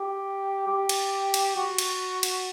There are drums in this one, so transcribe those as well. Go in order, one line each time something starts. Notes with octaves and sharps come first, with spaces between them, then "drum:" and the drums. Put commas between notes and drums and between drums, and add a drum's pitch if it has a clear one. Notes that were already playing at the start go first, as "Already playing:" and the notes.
Already playing: G4
G4
drum: cymbal
drum: cymbal
F#4
drum: cymbal
drum: cymbal